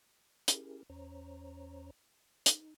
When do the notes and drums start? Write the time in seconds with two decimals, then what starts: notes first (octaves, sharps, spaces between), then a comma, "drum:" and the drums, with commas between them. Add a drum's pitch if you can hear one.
0.48 C#4 E4 G4 G#4 A#4, drum: hi-hat
0.89 E2 C#4 C5 C#5 A#5
2.46 D#4, drum: hi-hat